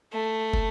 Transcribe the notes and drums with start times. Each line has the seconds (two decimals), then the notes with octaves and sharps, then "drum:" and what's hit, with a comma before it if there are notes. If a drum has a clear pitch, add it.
0.13 A3
0.54 drum: kick